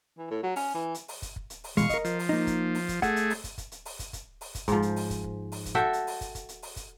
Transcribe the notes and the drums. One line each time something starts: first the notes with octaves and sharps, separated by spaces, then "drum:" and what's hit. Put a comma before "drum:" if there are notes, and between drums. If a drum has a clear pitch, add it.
E3
A2
F#3
C#4, drum: open hi-hat
E3
drum: hi-hat
drum: open hi-hat
drum: kick, hi-hat
drum: kick
drum: hi-hat
drum: open hi-hat
B2 E3 G#3 F5 C#6, drum: kick, hi-hat
A#4 D#5, drum: kick, hi-hat
F3, drum: hi-hat
drum: open hi-hat
A#3 D#4
drum: kick, hi-hat
drum: open hi-hat
drum: kick, hi-hat
A3 G#4 F#5, drum: kick, hi-hat
drum: hi-hat
drum: open hi-hat
drum: kick, hi-hat
drum: kick, hi-hat
drum: hi-hat
drum: open hi-hat
drum: kick, hi-hat
drum: kick, hi-hat
drum: open hi-hat
drum: kick, hi-hat
G#2 F3, drum: kick, hi-hat
drum: hi-hat
drum: open hi-hat
drum: kick, hi-hat
drum: kick
drum: open hi-hat
drum: kick, hi-hat
F#4 A4 E5 G5
drum: hi-hat
drum: open hi-hat
drum: kick, hi-hat
drum: kick, hi-hat
drum: hi-hat
drum: open hi-hat
drum: kick, hi-hat